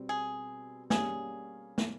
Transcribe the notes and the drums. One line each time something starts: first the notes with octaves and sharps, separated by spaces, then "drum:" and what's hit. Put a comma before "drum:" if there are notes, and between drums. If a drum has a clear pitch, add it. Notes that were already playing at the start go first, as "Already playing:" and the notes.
Already playing: B2 G3 C4
G#4
G3 A#3 C#4 G#4, drum: snare
drum: snare